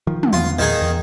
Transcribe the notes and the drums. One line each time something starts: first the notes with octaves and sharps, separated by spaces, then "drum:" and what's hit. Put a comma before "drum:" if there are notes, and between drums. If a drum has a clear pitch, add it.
D#3 F3
drum: tom
E2 B3 F4
D#3 D#4 G#4
E2